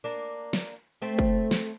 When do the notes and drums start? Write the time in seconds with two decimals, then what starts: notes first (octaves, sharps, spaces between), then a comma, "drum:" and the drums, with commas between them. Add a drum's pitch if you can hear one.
0.04 A#3 D4
0.53 drum: snare
1.02 A3 C4
1.19 drum: kick
1.51 drum: snare